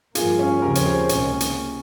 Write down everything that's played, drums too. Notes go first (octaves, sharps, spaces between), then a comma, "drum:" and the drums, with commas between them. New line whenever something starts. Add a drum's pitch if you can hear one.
G2 F3 A#3 F4 G#4, drum: hi-hat
C#4 F4
D#2 C#3 F3 C4 G4 A#4
C#5, drum: hi-hat
G#4 C5
C#2 C3 D#3 A#3 C#4, drum: hi-hat
drum: hi-hat